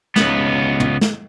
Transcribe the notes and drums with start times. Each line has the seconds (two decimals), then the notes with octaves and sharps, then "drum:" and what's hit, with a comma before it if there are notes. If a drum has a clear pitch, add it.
0.16 C#2 B3, drum: snare
0.80 drum: tom
1.01 drum: snare